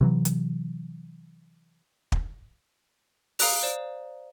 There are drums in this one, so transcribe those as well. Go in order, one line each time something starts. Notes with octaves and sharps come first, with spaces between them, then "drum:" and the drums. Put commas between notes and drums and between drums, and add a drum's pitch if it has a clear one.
C3 E3 F#3
drum: hi-hat
drum: kick
F5 A#5 D#6 F#6 F7, drum: open hi-hat
C5 D5 E7